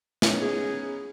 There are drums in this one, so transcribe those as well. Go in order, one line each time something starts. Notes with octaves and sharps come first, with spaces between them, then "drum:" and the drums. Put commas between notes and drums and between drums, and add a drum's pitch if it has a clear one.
B3 C#4 D#4, drum: snare
G#4